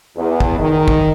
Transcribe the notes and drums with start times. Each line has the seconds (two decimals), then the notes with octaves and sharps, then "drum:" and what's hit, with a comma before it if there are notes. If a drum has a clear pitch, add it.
0.17 E2
0.40 drum: kick
0.59 D#3
0.88 drum: kick